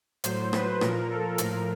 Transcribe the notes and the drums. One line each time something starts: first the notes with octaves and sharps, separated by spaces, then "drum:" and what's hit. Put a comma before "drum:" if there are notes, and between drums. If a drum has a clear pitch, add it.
A2 F#3 C5, drum: hi-hat
B4, drum: rim click
A#2 F3 A#4, drum: rim click
A4
A2 F3 A#4, drum: hi-hat